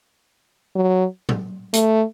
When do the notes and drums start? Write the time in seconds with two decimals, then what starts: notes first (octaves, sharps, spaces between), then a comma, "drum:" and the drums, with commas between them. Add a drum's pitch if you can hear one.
0.75 F#3
1.29 drum: tom
1.73 A3, drum: hi-hat